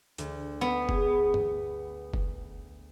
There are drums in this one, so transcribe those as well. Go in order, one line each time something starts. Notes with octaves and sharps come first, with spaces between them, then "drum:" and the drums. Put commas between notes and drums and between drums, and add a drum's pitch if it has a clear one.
D2, drum: hi-hat
B3
G#4, drum: kick F#1
drum: tom G2
drum: kick F#1